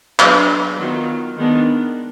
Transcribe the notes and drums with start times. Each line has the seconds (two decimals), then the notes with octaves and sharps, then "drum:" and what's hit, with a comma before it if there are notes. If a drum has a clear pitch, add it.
0.19 F#3 B3 D4 G#4 B4, drum: clap
0.78 D#3 F#3 B3 F4
1.37 D#3 G#3 B3 D4